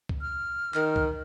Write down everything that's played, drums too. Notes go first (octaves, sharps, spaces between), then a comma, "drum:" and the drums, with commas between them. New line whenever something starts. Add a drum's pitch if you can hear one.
drum: kick C#2
F6
D#3, drum: clap
drum: kick C#2